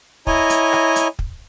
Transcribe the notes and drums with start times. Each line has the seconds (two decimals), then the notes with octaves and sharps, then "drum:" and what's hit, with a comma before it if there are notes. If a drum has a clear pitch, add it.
0.27 E4 C#5 D#5 G#5 A#5, drum: kick
0.50 drum: hi-hat
0.73 drum: rim click
0.96 drum: hi-hat
1.19 drum: kick